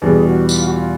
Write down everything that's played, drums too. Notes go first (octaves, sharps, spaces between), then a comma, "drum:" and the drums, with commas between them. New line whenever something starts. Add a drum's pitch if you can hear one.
E2 B2 G3 G#4
F#4
F4, drum: tambourine
F#4
F4